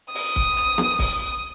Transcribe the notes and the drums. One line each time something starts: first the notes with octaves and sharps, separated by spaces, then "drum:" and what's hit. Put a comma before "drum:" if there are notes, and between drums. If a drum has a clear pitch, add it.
D#6, drum: open hi-hat
drum: kick
drum: hi-hat
drum: snare B3
drum: kick, open hi-hat